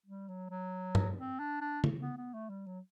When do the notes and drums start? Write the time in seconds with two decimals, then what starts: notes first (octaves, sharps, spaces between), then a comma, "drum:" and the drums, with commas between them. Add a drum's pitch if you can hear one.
0.06 G3
0.28 F#3
0.50 F#3
0.95 drum: tom
1.17 C4
1.40 D4
1.61 D4
1.84 drum: tom
2.01 B3
2.17 B3
2.34 A3
2.50 G3
2.66 F#3